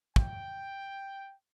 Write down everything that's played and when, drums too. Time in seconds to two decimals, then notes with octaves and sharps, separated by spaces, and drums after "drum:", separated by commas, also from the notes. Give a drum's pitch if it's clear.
0.16 G5, drum: kick